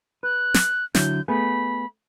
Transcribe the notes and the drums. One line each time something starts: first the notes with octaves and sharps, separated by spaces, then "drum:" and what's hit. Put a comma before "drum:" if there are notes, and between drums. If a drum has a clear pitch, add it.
B4 F#6
drum: snare
D3 F#3 E4 G6, drum: snare
A3 B3 G#4 B5